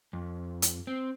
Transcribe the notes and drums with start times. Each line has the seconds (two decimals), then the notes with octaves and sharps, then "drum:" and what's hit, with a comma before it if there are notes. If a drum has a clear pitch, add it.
0.13 F2
0.62 drum: hi-hat
0.87 C4